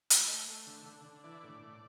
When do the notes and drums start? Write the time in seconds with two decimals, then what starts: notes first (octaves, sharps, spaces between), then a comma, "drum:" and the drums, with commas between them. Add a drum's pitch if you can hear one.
0.10 A3, drum: hi-hat
0.29 A3
0.47 A3
0.67 D3
0.86 D3
1.05 D3
1.24 E3 D5
1.44 A2
1.63 A2